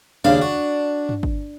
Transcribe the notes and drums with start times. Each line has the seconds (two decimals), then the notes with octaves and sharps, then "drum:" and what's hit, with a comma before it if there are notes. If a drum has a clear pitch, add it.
0.24 D#2 C#3 D4 F5
0.42 F#4
1.09 drum: tom G2
1.23 drum: kick